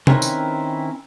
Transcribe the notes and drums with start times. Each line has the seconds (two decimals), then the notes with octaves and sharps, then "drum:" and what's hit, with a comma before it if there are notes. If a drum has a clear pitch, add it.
0.07 D#3 C4 C#4 E4 A#4 B4, drum: tom C3
0.22 drum: tambourine